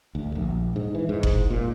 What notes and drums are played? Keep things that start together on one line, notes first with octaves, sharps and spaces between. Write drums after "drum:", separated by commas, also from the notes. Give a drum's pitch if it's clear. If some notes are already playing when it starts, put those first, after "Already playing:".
D2
A#1
G#2
E3
G#2
drum: kick F#1
A#2